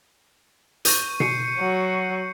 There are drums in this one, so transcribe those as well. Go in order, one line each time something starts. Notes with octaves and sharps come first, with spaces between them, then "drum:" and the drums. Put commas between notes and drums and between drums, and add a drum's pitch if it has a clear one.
C#6 G6 D#7, drum: hi-hat
C7 C#7 D#7, drum: tom B2
F#3